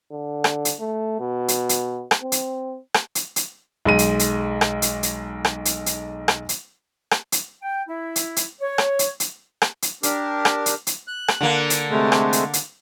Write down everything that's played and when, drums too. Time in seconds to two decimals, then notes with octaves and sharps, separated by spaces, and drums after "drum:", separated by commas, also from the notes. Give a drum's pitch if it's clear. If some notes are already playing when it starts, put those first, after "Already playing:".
0.12 D3
0.44 drum: rim click
0.65 drum: hi-hat
0.80 A3
1.20 B2
1.48 drum: hi-hat
1.69 drum: hi-hat
2.11 drum: rim click
2.23 C4
2.32 drum: hi-hat
2.94 drum: rim click
3.15 drum: hi-hat
3.36 drum: hi-hat
3.85 B1 G#3 D#7
3.99 drum: hi-hat
4.19 drum: hi-hat
4.61 drum: rim click
4.82 drum: hi-hat
5.03 drum: hi-hat
5.45 drum: rim click
5.65 drum: hi-hat
5.86 drum: hi-hat
6.28 drum: rim click
6.49 drum: hi-hat
7.11 drum: rim click
7.32 drum: hi-hat
7.62 G5
7.88 E4
8.16 drum: hi-hat
8.36 drum: hi-hat
8.61 C#5
8.78 drum: rim click
8.99 drum: hi-hat
9.20 drum: hi-hat
9.62 drum: rim click
9.82 drum: hi-hat
10.03 D4 G4 A#4, drum: hi-hat
10.45 drum: rim click
10.66 drum: hi-hat
10.87 drum: hi-hat
11.08 F#6
11.28 drum: rim click
11.41 D3 A#3
11.70 drum: hi-hat
11.90 C3 G#3 A3
12.12 drum: rim click
12.33 drum: hi-hat
12.53 drum: hi-hat